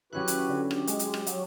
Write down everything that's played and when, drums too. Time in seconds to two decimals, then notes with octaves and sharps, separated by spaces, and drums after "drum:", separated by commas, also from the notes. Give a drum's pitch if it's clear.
0.13 F#3 C#4 E4 F#4 G4 B4 F#6
0.28 drum: hi-hat
0.49 D3
0.71 G4, drum: rim click
0.87 G#3, drum: hi-hat
0.99 drum: hi-hat
1.14 drum: rim click
1.27 F#3, drum: hi-hat